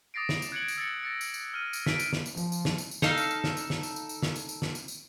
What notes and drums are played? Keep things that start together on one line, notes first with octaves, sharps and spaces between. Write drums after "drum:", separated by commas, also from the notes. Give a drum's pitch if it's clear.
D6 D#6 A6 A#6 C7 D7
drum: snare
drum: tambourine
F#6 G#6 C#7 D7 F#7
drum: tambourine
E6 A6 C#7
A6 A#6 C#7
drum: tambourine
drum: tambourine
F6 D#7
drum: tambourine
B6 D7, drum: snare
drum: tambourine
drum: snare
drum: tambourine
F3, drum: tambourine
drum: tambourine
drum: snare
drum: tambourine
drum: tambourine
D#4 A4 F5, drum: snare
drum: tambourine
drum: tambourine
drum: snare
drum: tambourine
drum: snare
drum: tambourine
drum: tambourine
drum: tambourine
drum: snare
drum: tambourine
drum: tambourine
drum: snare
drum: tambourine
drum: tambourine